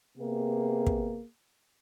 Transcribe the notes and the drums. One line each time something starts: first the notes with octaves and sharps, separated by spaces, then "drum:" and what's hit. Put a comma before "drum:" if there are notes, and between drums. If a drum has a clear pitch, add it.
C3 A#3 B3 G#4
drum: kick